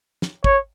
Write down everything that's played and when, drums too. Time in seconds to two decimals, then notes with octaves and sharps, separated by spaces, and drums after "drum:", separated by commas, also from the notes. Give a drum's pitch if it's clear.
0.22 drum: snare
0.44 C#5, drum: kick